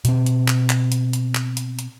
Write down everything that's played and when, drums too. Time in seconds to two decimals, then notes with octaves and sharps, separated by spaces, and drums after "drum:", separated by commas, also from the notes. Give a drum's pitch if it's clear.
0.05 B2 C4, drum: hi-hat
0.26 drum: hi-hat
0.48 drum: clap
0.70 drum: clap
0.92 drum: hi-hat
1.13 drum: hi-hat
1.35 drum: clap
1.57 drum: hi-hat
1.79 drum: hi-hat